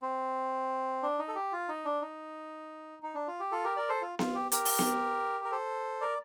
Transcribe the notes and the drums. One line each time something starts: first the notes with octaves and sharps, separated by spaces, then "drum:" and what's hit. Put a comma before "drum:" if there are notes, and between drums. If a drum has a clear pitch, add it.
C4
D4
D#4
A4
G4
F4
D#4
D4
D#4
D#4
D4
F4
G4
F4 A4
G4 A#4
A#4 D5
A4 C5
F4
F4, drum: snare B3
G4
G4 A#4, drum: hi-hat
drum: open hi-hat
drum: snare B3
A#4
A4 C5
A#4 D5